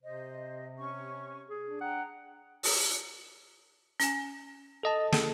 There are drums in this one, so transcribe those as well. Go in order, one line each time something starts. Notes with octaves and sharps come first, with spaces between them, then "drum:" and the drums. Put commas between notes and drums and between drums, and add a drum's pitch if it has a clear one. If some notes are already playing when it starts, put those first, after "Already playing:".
C3 C5 D#5
C#4 C#6
G#4
D4
F#5 G5 A#5
drum: open hi-hat
C#4 G#5, drum: hi-hat
A4 D#5 A5
G#4 A4, drum: snare